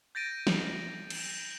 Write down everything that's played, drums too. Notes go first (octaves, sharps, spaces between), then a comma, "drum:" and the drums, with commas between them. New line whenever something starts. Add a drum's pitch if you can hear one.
G6 A6 A#6 D7 D#7
drum: snare
drum: cymbal